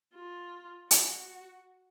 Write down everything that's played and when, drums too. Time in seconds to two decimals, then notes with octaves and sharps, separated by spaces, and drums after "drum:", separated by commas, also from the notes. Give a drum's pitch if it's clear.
0.15 F4
0.91 F#4, drum: hi-hat